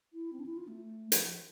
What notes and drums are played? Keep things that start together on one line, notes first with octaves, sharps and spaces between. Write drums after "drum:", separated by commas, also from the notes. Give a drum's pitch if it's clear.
E4
C4
D4
E4
F4
A3
F3, drum: hi-hat